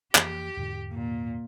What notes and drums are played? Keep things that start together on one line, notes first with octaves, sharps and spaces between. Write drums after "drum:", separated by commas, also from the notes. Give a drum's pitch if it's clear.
F2 E3 A#3 G4, drum: clap
E2 G#2 D3
A#2